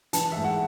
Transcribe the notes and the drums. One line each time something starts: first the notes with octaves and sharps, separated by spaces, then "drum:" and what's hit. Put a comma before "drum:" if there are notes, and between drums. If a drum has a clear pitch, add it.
E3 A5, drum: hi-hat
G#2 E5
F#5